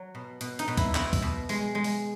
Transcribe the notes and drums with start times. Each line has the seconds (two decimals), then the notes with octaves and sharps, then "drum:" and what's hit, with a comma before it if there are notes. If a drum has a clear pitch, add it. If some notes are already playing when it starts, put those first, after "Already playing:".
Already playing: F#3
0.15 B2
0.41 B2, drum: hi-hat
0.59 D#4, drum: hi-hat
0.68 B2
0.77 E4, drum: kick, hi-hat
0.95 B2 E4, drum: clap
1.13 drum: kick, open hi-hat
1.22 B2
1.49 G#3, drum: open hi-hat
1.75 G#3
1.84 drum: open hi-hat